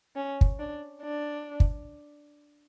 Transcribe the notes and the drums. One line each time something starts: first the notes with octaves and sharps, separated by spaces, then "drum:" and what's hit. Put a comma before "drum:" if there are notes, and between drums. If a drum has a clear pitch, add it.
C#4
drum: kick
D4
D4
drum: kick